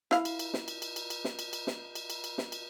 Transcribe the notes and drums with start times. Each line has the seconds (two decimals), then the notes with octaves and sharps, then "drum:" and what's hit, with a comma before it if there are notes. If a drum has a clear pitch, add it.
0.11 E4 F5, drum: snare
0.25 drum: cymbal
0.39 drum: cymbal
0.54 drum: snare
0.68 drum: cymbal
0.82 drum: cymbal
0.96 drum: cymbal
1.10 drum: cymbal
1.25 drum: snare
1.39 drum: cymbal
1.53 drum: cymbal
1.67 drum: snare
1.95 drum: cymbal
2.10 drum: cymbal
2.24 drum: cymbal
2.38 drum: snare
2.52 drum: cymbal